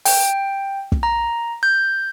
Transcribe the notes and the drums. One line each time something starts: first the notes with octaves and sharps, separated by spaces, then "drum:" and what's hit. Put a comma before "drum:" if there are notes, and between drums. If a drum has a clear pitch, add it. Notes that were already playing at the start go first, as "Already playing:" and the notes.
G5, drum: open hi-hat
drum: kick
A#5
G6